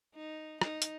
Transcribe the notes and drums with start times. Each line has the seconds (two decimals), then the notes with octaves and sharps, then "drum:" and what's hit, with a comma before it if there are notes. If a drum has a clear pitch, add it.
0.15 D#4
0.62 D#4, drum: rim click
0.82 drum: hi-hat